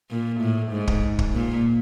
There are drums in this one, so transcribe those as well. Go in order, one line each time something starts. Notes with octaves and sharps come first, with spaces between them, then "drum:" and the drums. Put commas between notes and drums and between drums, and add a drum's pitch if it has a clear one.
A#2
A2
G#2
drum: kick
drum: kick
A#2